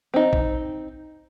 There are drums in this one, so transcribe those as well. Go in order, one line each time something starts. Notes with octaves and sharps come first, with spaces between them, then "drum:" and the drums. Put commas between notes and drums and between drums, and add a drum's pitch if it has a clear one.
C4 D#4
drum: kick A#1